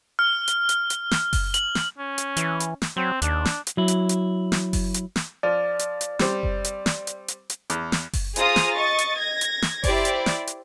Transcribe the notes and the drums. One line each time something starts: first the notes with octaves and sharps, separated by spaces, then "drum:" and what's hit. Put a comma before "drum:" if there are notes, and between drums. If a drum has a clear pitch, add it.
F6
drum: hi-hat
drum: hi-hat
drum: hi-hat
drum: snare
drum: kick F#1, open hi-hat
F#7, drum: hi-hat
drum: snare
C#4
drum: hi-hat
E3, drum: hi-hat
drum: hi-hat
drum: snare
F#3 C4
D#2 D4, drum: hi-hat
drum: snare
drum: hi-hat
F#3 E4
drum: hi-hat
drum: hi-hat
drum: snare
drum: kick F#1, open hi-hat
drum: hi-hat
drum: snare
F3 D5
drum: hi-hat
drum: hi-hat
G3 C4, drum: snare
drum: kick F#1
drum: hi-hat
drum: snare
drum: hi-hat
drum: hi-hat
drum: hi-hat
E2, drum: hi-hat
drum: snare
drum: kick F#1, open hi-hat
F4 G#4 C5 A#5 D#6 F6, drum: hi-hat
drum: snare
D#5 C#6 A6
drum: hi-hat
G#6 A#6
drum: hi-hat
drum: snare
E4 G4 C5 D5, drum: kick F#1, open hi-hat
drum: hi-hat
drum: snare
drum: hi-hat